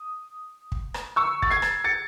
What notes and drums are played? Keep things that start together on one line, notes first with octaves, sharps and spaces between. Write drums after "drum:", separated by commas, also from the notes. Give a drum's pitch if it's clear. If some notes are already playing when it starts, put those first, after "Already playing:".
Already playing: D#6
drum: kick
drum: rim click
C#6 E6
A6, drum: kick
G#6 C7
drum: rim click
A6 C#7